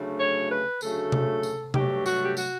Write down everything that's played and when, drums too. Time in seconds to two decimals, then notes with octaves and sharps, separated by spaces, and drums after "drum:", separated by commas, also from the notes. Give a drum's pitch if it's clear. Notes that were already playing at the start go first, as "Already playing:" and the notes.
Already playing: D2 C#3 F#3 A3
0.19 C#5
0.51 B4
0.81 D2 C#3 F#3 A3 A4, drum: tambourine
1.12 drum: tom C3
1.43 drum: tambourine
1.74 G2 F#3 A3 G4, drum: tom C3
2.06 F#4, drum: tambourine
2.24 G4
2.37 F#4, drum: tambourine